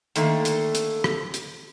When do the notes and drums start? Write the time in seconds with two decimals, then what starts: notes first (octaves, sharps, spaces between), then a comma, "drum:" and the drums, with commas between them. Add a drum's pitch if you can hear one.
0.16 D3 D#3 A3 A#3, drum: hi-hat
0.45 drum: hi-hat
0.75 drum: hi-hat
1.04 drum: rim click
1.34 drum: hi-hat